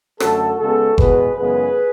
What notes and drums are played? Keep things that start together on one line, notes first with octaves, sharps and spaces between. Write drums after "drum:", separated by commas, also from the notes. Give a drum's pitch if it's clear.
F#2 D3 A3 F#4 A4, drum: rim click
C#3 G#3 B3 F#4 A4
E2 B2 G#3 B3 G#4 B4, drum: kick F#1
F#2 C#3 E3 G#3 B3 G#4 B4